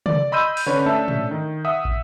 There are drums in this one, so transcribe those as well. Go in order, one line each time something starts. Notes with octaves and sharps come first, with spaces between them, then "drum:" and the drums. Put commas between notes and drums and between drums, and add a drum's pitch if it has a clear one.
D5, drum: tom
D#5 B5 C6 E6 G6 D#7
drum: open hi-hat
D3 C#4 B4 C#5
A3 C#4 D4 A4 E5 A5
drum: tom
D#3
E5 F#5 D#6
drum: kick